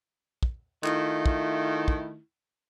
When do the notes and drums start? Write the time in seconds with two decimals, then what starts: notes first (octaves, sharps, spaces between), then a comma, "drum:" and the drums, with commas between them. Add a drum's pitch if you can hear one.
0.43 drum: kick
0.84 D#3 A3 E4 F4, drum: clap
1.26 drum: kick
1.88 drum: kick